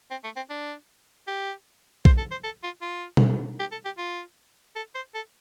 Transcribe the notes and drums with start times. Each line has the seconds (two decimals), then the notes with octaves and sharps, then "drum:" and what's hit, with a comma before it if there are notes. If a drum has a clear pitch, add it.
0.11 C4
0.24 A3
0.36 C4
0.50 D4
1.28 G4
2.05 C5, drum: kick B1
2.18 A4
2.31 C5
2.44 A4
2.63 F4
2.82 F4
3.17 drum: tom
3.60 G4
3.72 A4
3.85 G4
3.98 F4
4.76 A4
4.95 C5
5.14 A4